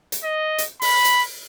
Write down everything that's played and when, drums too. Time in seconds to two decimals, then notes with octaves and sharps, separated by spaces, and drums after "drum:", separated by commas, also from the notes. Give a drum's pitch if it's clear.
0.12 drum: hi-hat
0.24 D#5
0.58 drum: hi-hat
0.82 B5, drum: open hi-hat
1.05 drum: hi-hat